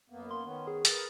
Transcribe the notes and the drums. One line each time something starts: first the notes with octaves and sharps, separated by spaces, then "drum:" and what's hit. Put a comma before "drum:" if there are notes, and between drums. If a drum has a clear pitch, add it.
F#2 A#3 B3
C6
D#3 B3 C#4
G#4
G#4 A#4 B4 A6, drum: hi-hat